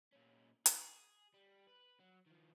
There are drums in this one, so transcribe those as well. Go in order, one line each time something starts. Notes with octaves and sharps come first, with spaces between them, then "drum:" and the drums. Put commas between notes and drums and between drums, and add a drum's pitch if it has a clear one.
A#2 C#4
G#4, drum: hi-hat
G3
B4
F#3
D#3 F3